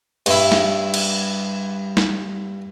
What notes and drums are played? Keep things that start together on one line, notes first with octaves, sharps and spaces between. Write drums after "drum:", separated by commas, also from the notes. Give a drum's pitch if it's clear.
G2 E4, drum: cymbal
drum: snare
drum: cymbal
drum: snare